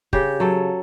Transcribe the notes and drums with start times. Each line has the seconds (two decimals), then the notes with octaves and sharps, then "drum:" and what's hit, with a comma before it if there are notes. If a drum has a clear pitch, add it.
0.13 C#3 G4, drum: kick
0.40 F#3 A4